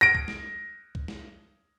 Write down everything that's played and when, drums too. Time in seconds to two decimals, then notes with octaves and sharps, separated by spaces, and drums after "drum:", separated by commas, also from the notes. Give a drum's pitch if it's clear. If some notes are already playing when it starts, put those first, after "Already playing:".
0.01 A#6 D7
0.15 drum: kick C2
0.28 drum: snare
0.95 drum: kick C2
1.08 drum: snare